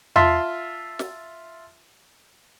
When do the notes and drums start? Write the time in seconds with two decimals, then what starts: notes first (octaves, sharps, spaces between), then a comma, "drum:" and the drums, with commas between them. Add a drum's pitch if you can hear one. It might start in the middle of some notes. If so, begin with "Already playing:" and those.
0.16 F4 E5 A5 C6, drum: tom E2
0.99 drum: snare